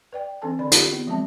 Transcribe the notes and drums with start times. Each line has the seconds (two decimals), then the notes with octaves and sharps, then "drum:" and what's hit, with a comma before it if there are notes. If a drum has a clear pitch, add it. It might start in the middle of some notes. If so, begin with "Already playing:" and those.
0.13 B4 D5 G5
0.42 E3 C4 D4 A4 G#5 A5
0.59 D3 D5 B5
0.71 F4 G4, drum: hi-hat
0.92 B3
1.07 F3 F#3 G#3 C4 E5 A5